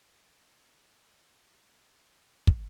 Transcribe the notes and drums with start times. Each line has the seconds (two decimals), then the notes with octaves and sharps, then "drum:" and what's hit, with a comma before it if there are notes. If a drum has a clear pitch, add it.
0.48 F5
2.05 A#5 C#6 A6 B6 E7
2.47 drum: kick